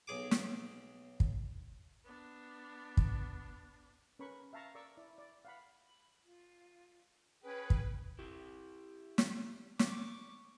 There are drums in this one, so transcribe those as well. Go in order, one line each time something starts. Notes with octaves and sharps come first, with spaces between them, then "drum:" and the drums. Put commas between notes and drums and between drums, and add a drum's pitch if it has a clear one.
B1 G#4 D6
drum: snare
drum: kick
B3 D4
drum: kick
C#4 A#4 B4 B5 C#6
E5 F5 A5 A#5 C#6
A#4 D5 C#6 D6 E6
E4 D5
D5
F5 F#5 B5
B5
F4
C#4 G#4 B4 G5
drum: kick
E4 G4
drum: snare
C#6 D6, drum: snare